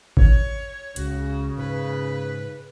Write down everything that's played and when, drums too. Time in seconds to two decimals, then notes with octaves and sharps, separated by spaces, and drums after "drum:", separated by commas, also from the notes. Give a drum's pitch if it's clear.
0.17 C#5, drum: kick G#1
0.96 C#2 C#3 F#4, drum: hi-hat
1.58 G#2 B4